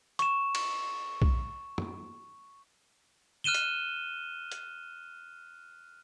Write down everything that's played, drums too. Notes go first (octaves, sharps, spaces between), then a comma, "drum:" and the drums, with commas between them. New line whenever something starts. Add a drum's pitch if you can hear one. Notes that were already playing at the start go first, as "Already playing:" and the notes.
C#6 E7, drum: hi-hat
drum: cymbal
drum: kick
drum: tom
F6 F#6 D#7 E7 G7
drum: hi-hat
drum: hi-hat